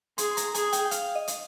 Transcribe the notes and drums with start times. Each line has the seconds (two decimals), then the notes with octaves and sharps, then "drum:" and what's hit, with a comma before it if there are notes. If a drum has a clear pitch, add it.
0.18 G#4 C6, drum: hi-hat
0.31 C6
0.37 A#5, drum: hi-hat
0.48 A#5
0.54 G#4 G#5, drum: hi-hat
0.73 G5, drum: hi-hat
0.85 G5
0.91 F5, drum: hi-hat
1.15 D#5
1.28 drum: hi-hat